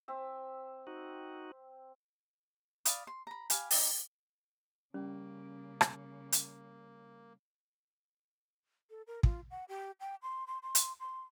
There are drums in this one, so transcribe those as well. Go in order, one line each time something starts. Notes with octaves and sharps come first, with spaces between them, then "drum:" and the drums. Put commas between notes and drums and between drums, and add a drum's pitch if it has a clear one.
C4 E5
D#4 F#4
D5 F5 B5 D#6, drum: hi-hat
C6
A#5 B5
G4 F5 G#5 B5, drum: hi-hat
D#4 G4, drum: open hi-hat
C#3 G3 A#3 C#4
drum: rim click
drum: hi-hat
A4
A#4
F4, drum: kick
F#5
G4
G5
C6
C6
C6
drum: hi-hat
C6